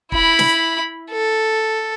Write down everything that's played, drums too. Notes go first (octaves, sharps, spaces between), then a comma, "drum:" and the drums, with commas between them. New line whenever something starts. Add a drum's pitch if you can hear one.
E4 B5, drum: kick
drum: snare
A4